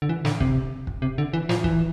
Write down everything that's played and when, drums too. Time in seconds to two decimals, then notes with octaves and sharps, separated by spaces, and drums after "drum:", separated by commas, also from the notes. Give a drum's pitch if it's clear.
0.02 D3
0.09 E3
0.25 D3, drum: snare
0.40 C3, drum: kick
0.87 drum: kick
1.02 C3
1.18 D3
1.33 E3
1.49 F3, drum: snare
1.64 E3, drum: kick